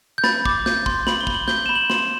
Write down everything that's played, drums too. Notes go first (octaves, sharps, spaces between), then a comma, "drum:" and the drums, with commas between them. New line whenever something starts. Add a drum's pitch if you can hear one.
G6
B5 A6, drum: snare
D6, drum: kick
G6, drum: snare
C6, drum: kick
B5 F#7, drum: snare
G7
B5, drum: kick
F#7
G6 G7, drum: snare
B5 E7
F#7
C6 F#7, drum: snare